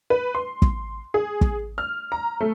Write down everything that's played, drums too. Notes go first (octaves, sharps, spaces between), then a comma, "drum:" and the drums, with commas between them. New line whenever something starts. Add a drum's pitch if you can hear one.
B4
C6
drum: kick
G#4
drum: kick
F6
A#5
A3